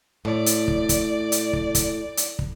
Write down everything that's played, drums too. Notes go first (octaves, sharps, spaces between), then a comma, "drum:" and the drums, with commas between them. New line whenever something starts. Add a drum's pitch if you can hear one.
A2 D5
drum: hi-hat
drum: kick
drum: kick, hi-hat
drum: hi-hat
drum: kick
drum: kick, hi-hat
drum: hi-hat
drum: kick